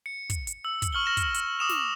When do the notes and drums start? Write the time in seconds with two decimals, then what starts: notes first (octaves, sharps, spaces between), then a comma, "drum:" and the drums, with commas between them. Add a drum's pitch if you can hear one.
0.06 C#7
0.30 drum: kick, hi-hat
0.47 drum: hi-hat
0.65 E6
0.82 drum: kick, hi-hat
0.93 C#6 F6 F#7 G7
1.06 F6 A#6 E7
1.17 drum: kick, hi-hat
1.34 drum: hi-hat
1.59 D6 D#6 E7 F7
1.69 drum: snare